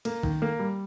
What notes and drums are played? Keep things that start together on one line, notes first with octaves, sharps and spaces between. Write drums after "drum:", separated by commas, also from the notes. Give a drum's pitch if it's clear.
A#3, drum: cymbal
D#3, drum: kick
A#3
G3